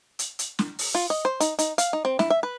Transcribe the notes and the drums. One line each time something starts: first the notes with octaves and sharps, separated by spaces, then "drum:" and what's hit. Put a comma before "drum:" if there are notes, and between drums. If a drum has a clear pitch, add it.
drum: hi-hat
drum: hi-hat
drum: snare
drum: open hi-hat
F4
D#5
C5
D#4, drum: hi-hat
D#4, drum: hi-hat
F5, drum: hi-hat
D#4
C4
E4, drum: snare
E5
B4